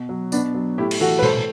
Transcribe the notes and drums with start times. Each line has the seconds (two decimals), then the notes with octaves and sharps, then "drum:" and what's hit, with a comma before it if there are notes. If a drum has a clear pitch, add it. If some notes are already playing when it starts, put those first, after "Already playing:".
Already playing: B2
0.09 F#3
0.32 B2 B3 D4, drum: tambourine
0.54 F#3
0.78 A2 E4 G4
0.91 drum: cymbal
1.01 E3 F#4 A4
1.19 B4
1.23 A2 A4 C5, drum: tom B2